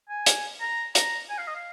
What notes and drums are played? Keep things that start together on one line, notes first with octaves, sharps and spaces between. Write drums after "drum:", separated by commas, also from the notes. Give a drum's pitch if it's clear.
G#5
drum: hi-hat
A#5
A#5, drum: hi-hat
G#5
F5
D#5
F5